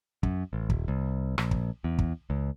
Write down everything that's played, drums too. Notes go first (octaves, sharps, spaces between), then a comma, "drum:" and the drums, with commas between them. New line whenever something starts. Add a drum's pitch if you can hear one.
F#2, drum: kick
A1
D#1, drum: kick
C2
A#1, drum: rim click
drum: kick
E2
drum: kick
C#2